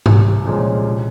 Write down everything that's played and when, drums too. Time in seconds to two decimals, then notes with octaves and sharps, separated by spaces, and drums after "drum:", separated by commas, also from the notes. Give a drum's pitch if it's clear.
0.06 C2, drum: tom G#2
0.45 A#2 F3 G#3 C#4
0.85 C3